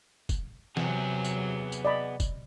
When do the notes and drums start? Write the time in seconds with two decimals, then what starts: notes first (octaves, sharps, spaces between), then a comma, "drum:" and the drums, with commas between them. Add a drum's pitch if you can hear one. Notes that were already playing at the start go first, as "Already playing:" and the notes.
0.29 drum: kick, tambourine
0.77 C3 F#3 B3 G#4, drum: snare E3
1.25 drum: tambourine
1.72 drum: tambourine
1.85 D5 D#5 B5
2.20 drum: kick, tambourine